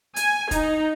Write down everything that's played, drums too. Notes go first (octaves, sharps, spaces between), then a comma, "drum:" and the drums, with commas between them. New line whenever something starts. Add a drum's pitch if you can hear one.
G#5, drum: hi-hat
D#4, drum: kick, hi-hat